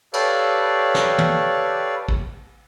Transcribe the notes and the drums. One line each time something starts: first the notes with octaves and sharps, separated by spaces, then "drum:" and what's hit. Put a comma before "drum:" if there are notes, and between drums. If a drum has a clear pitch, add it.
G4 A4 B4 C#5 D5 F5, drum: cymbal
drum: snare
drum: tom
drum: kick